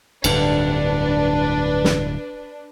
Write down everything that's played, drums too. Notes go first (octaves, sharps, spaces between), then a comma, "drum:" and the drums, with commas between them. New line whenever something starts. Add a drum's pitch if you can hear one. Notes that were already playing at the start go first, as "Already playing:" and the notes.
D1 G2 D3 D4 B4, drum: cymbal
drum: snare